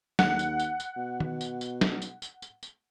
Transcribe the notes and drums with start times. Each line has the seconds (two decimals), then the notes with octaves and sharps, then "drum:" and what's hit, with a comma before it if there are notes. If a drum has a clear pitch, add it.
0.19 D#2 F#5, drum: snare
0.39 drum: tambourine
0.59 drum: tambourine
0.80 drum: tambourine
0.97 B2
1.20 drum: tom D#3
1.41 drum: tambourine
1.61 drum: tambourine
1.81 drum: snare
2.02 drum: tambourine
2.22 drum: tambourine
2.42 drum: tambourine
2.63 drum: tambourine